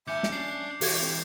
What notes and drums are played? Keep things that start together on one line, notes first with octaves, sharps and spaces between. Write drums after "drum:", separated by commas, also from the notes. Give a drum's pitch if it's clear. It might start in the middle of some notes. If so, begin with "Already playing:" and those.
D#2 E5 G#5 D6 G6 C#7
drum: snare
C#4 D4 C7
E3 F#3 F#4 G4 A4 G#6, drum: open hi-hat
C4